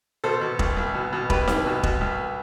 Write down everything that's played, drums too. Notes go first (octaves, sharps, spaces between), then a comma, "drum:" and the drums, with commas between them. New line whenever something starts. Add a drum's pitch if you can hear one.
B2 A4 C5
B2
C2, drum: kick E1
C2
B2
B2
C2 G4 B4, drum: kick E1
C2, drum: snare D#4
B2
B2, drum: kick E1
C2